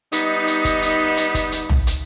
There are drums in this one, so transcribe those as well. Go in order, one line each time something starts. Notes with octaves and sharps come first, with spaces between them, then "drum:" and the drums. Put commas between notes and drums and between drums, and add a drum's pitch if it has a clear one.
G3 B3 D#4, drum: hi-hat
drum: hi-hat
drum: kick, hi-hat
drum: hi-hat
drum: hi-hat
drum: kick, hi-hat
drum: hi-hat
drum: tom A#1
drum: hi-hat